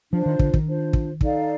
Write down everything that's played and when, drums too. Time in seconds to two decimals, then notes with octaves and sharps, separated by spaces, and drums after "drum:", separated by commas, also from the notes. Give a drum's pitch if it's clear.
0.12 F3 D4 F4 C5
0.26 D#3
0.39 D3, drum: kick
0.54 D#3, drum: kick
0.66 D4 F4 C5
0.93 drum: kick
1.21 D#4 A4 D5 F5, drum: kick